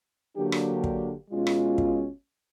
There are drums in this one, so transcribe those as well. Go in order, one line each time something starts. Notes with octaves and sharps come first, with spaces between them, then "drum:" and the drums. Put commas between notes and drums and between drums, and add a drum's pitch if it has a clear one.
D3 F#3 A#3 D4 G4
drum: rim click
drum: kick
B2 G#3 C#4 F4
drum: rim click
drum: kick